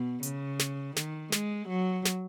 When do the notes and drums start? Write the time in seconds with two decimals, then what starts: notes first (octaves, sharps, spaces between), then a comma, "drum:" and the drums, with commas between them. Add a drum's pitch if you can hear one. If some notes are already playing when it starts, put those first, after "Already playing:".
Already playing: B2
0.23 C#3, drum: hi-hat
0.59 drum: snare
0.96 D#3, drum: snare
1.32 G#3, drum: snare
1.69 F#3
2.05 drum: snare